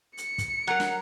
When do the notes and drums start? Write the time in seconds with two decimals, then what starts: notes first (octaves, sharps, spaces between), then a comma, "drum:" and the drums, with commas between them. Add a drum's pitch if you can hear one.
0.17 C#7, drum: hi-hat
0.38 drum: kick, hi-hat
0.67 F#3 A#4 F#5
0.80 drum: snare